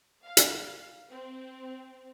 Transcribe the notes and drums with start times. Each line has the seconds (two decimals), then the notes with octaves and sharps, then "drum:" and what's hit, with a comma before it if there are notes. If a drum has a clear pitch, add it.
0.24 F5
0.37 drum: hi-hat
1.10 C4